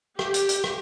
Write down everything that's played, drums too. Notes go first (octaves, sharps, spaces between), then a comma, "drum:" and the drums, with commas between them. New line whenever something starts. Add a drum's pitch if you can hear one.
G4, drum: rim click
drum: hi-hat
drum: hi-hat
drum: rim click